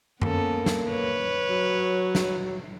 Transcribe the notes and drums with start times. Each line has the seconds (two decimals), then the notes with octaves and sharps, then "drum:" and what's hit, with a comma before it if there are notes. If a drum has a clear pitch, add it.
0.22 A#3 B3 C#4 A4, drum: tom F#2
0.66 drum: snare
0.90 B4 C#5
1.49 F#3
2.15 drum: snare